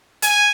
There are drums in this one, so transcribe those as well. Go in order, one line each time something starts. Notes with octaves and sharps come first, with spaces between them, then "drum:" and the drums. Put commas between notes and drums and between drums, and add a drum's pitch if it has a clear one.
G#5, drum: hi-hat